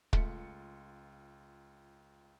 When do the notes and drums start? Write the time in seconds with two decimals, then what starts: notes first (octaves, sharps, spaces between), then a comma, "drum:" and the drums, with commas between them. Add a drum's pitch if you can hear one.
0.13 C#2 A3 F4 C#7, drum: kick